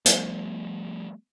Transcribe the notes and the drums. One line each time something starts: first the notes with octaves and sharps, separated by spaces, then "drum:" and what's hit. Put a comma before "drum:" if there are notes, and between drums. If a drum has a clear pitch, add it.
F3 G3 A3 B3, drum: hi-hat